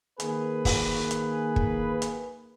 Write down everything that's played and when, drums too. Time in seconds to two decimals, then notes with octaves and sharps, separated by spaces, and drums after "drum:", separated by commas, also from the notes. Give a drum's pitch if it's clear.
0.20 D#3 A#3 G#4 B4, drum: hi-hat
0.65 drum: kick, open hi-hat
1.11 drum: hi-hat
1.56 drum: kick
2.02 drum: hi-hat